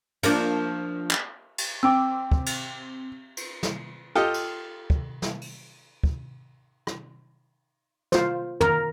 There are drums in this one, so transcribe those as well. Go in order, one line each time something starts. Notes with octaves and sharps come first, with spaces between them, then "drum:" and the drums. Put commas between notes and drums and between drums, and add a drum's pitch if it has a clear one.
F3 A#3 D4, drum: cymbal
drum: clap
drum: cymbal
C4 G5 D6 E6
drum: kick
drum: cymbal
drum: cymbal
drum: snare
F4 G4 A4 D#5 F5 G5
drum: cymbal
drum: kick
drum: snare
drum: open hi-hat
drum: kick
drum: rim click
F4 C5, drum: snare
A#4, drum: tom